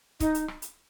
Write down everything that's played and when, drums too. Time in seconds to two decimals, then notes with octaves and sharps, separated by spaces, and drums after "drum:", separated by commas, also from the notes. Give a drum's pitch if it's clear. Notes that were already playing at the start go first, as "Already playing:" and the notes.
0.20 D#4, drum: kick C#1, hi-hat
0.35 drum: hi-hat
0.48 drum: rim click
0.62 drum: hi-hat